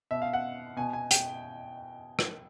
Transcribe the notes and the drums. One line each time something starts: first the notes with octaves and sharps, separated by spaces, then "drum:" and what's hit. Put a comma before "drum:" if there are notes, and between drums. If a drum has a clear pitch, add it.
B2 E5
F5
F#5
B2 G#5
G#5
G5, drum: hi-hat
drum: rim click